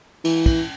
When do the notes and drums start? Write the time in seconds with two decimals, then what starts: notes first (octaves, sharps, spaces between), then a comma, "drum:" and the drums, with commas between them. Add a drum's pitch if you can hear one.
0.24 E3, drum: cymbal
0.46 drum: kick, cymbal